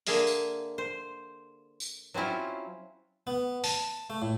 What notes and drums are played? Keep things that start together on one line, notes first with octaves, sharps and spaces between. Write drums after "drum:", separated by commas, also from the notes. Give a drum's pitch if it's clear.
D3 A#3 G#4 E5 F5, drum: open hi-hat
drum: tambourine
C5
drum: tambourine
F#3 C4 C#4 E4 F4
B3
A5, drum: open hi-hat
A3
A2